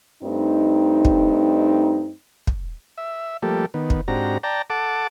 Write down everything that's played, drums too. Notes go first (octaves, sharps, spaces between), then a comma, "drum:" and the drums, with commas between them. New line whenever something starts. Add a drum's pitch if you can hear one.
G2 A3 C4 D#4
drum: kick
drum: kick
E5
F3 G3 A3 A#3 G4 A4
D#3 B3
drum: kick
G#2 C4 D4 F#4 G4 A#5
D5 G5 A5 A#5
A4 F#5 A5 D6